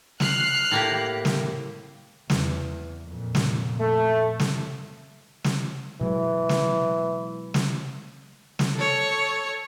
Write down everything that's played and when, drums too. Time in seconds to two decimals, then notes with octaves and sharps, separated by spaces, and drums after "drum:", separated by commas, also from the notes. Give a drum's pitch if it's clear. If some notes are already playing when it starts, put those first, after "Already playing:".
0.20 F6 F#6 C7, drum: snare
0.71 A2 A#3 G4
1.25 drum: snare
2.30 E2, drum: snare
3.07 F2 A#2
3.35 drum: snare
3.79 A3
4.40 drum: snare
5.44 drum: snare
6.01 B2 E3 F#3 G#3
6.49 drum: snare
7.54 drum: snare
8.59 drum: snare
8.75 A4 C#5